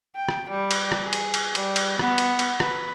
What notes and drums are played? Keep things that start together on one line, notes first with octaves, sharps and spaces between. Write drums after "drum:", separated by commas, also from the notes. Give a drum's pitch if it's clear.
G5
drum: rim click
G3
drum: cymbal
drum: rim click
G#4
drum: cymbal
drum: cymbal
G3, drum: cymbal
drum: cymbal
B3, drum: rim click
drum: cymbal
drum: cymbal
B4, drum: rim click